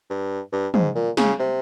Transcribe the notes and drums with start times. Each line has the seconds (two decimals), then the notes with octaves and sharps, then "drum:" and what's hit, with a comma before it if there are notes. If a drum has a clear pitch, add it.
0.10 G2
0.52 G2
0.74 G#2, drum: tom
0.95 A#2
1.17 C#3, drum: snare
1.39 C3